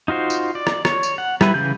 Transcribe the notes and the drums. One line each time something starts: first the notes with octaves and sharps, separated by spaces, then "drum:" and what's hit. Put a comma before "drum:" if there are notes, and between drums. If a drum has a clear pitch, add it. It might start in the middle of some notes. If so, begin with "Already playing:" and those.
D#4 F4 F#4 C5
drum: tambourine
D5
drum: rim click
C#5, drum: rim click
drum: tambourine
F#5
G3 E4 B4, drum: rim click
C#3 E3 G6